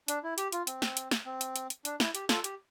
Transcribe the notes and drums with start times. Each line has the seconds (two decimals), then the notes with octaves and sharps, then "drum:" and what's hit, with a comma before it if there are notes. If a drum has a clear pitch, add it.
0.08 D4, drum: hi-hat
0.23 E4
0.38 G4, drum: hi-hat
0.52 F4, drum: hi-hat
0.67 C4, drum: hi-hat
0.82 drum: snare
0.97 drum: hi-hat
1.11 drum: snare
1.26 C4
1.41 drum: hi-hat
1.56 drum: hi-hat
1.70 drum: hi-hat
1.85 D4, drum: hi-hat
2.00 E4, drum: snare
2.15 G4, drum: hi-hat
2.29 F4 A4, drum: snare
2.44 G4, drum: hi-hat